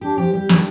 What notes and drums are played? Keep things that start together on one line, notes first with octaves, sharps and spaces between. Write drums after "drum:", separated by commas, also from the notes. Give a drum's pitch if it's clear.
D4 G4
F3 G4
G3 G4
D4, drum: snare